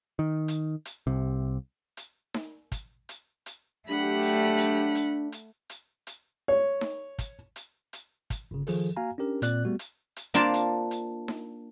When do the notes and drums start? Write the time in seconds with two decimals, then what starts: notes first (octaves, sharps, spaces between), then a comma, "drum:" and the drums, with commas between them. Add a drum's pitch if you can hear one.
0.19 D#3
0.48 drum: hi-hat
0.85 drum: hi-hat
1.07 C2 C3
1.97 drum: hi-hat
2.34 drum: snare D#4
2.72 drum: kick, hi-hat
3.09 drum: hi-hat
3.46 drum: hi-hat
3.89 F#3 A3 D4 G4 F#5 B5
4.21 drum: open hi-hat
4.58 drum: hi-hat
4.95 drum: hi-hat
5.32 drum: hi-hat
5.70 drum: hi-hat
6.07 drum: hi-hat
6.48 C#5
6.81 drum: snare D#4
7.19 drum: kick, hi-hat
7.56 drum: hi-hat
7.93 drum: hi-hat
8.30 drum: kick, hi-hat
8.51 G1 C#3
8.67 D#3 F3 G#4 A4, drum: open hi-hat
8.97 A#3 F#4 F5 G#5 A#5
9.18 C#4 D4 G4 A#4
9.42 A#2 C4 D5 F#6, drum: hi-hat
9.65 G3 A3 B3 F#4
9.79 drum: hi-hat
10.16 drum: hi-hat
10.34 A#3 D4 F4 C5 A5
10.54 drum: hi-hat
10.91 drum: hi-hat
11.28 drum: snare D#4